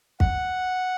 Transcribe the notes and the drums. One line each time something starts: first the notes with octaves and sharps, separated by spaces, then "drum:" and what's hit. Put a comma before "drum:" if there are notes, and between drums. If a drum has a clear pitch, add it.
F#5, drum: kick